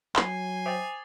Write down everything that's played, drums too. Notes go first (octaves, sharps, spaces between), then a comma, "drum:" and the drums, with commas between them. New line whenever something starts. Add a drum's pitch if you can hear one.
F#3 G#5 C7 G7, drum: clap
C5 E5 G5 D6 D#6 A6